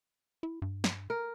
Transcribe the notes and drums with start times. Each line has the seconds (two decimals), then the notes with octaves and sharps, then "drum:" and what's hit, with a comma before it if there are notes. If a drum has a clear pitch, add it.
0.43 E4
0.62 G2
0.84 drum: snare
1.10 A#4